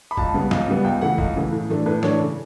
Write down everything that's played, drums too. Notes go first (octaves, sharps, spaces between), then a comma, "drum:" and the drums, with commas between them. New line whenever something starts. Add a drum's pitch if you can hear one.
B5
C#2 A5, drum: kick
C#3 G3 B3
C#2, drum: snare
C#3 G3 B3
C#2 G5
C#3 E3 A3 F#5
C#2, drum: kick
C#3 E3 A3
A2
E3 A3 D4
A2 B4
E3 A3 D4 C#5, drum: snare
C#3